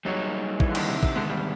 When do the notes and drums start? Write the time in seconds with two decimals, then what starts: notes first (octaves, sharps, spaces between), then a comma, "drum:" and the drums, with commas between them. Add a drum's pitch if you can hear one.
0.05 F#3 G3 A#3 D#4 G#4 C#5
0.60 E3, drum: kick
0.70 D3
0.75 D#3, drum: cymbal
0.88 C3
1.03 C3, drum: kick
1.16 G#2 D3 D#3 G#3 B3
1.30 G3